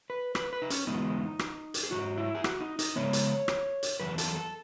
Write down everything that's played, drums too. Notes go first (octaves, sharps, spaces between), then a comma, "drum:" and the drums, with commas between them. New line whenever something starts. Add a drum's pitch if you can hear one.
B4
B4, drum: rim click
B4
D#4
C#4, drum: hi-hat
E2 C#3 G#3 B3 D#4
drum: rim click
drum: hi-hat
G#4
G#2 D#3 F#3 F#4
E4
G#4
F#4, drum: rim click
D#4
D#4, drum: hi-hat
C#3 G#3 B3 C#5
drum: hi-hat
drum: rim click
drum: hi-hat
E2 B2 F#3 B4
A4, drum: hi-hat
A4